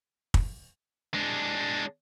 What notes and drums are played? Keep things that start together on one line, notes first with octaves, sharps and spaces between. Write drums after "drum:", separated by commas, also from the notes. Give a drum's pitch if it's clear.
drum: kick
G#3 D4